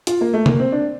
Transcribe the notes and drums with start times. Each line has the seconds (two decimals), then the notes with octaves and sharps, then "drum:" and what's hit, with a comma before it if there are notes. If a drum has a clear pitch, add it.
0.07 F4, drum: hi-hat
0.21 A#3
0.33 A3
0.46 A#3, drum: tom C3
0.59 C4
0.72 D4